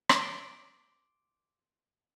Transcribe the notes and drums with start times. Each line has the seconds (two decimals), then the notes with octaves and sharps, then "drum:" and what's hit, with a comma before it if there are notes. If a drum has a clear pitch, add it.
0.09 drum: rim click
0.21 C6 D6 A6 C7 D7 G7